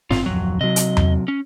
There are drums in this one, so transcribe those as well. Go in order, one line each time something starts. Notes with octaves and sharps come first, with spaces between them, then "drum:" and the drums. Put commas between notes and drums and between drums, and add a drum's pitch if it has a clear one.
G1 C4 F4, drum: snare
D1 F2 F#3
C3 F#3 D#5
drum: hi-hat
drum: tom E2
C#4